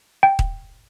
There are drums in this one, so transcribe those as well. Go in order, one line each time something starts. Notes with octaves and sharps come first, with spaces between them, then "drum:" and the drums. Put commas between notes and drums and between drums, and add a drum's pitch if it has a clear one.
G5
drum: kick D#1